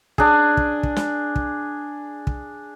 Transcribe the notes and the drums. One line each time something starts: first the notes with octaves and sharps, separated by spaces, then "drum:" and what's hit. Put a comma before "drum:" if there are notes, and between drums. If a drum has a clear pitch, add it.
D4 G#4, drum: kick
drum: kick
drum: kick
drum: snare
drum: kick
drum: kick